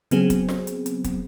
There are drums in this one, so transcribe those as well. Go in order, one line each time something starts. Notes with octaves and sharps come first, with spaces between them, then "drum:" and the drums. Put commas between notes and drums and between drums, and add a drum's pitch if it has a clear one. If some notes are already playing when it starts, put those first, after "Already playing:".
C#3 F#3 B3 C4 G#4, drum: hi-hat
drum: kick, hi-hat
drum: snare
drum: hi-hat
drum: hi-hat
drum: kick, hi-hat